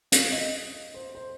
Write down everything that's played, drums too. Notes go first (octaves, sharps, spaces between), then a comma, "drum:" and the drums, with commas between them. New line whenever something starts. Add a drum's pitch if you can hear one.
F5, drum: hi-hat
D#5
C5
C5